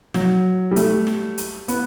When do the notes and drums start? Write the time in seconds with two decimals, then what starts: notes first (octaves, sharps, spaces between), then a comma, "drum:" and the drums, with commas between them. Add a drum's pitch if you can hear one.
0.14 F#3, drum: snare
0.71 G3
0.76 A3, drum: hi-hat
1.07 drum: snare
1.38 drum: hi-hat
1.68 B3, drum: hi-hat